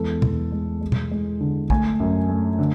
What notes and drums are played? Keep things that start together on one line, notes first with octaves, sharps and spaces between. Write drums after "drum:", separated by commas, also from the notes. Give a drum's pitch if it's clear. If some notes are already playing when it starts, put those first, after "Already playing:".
Already playing: E2 G#3 A4
E2, drum: tom
G#3
G#3
drum: tom
G#3
D3
A3 G#5, drum: kick A#1
F#2
A3
D3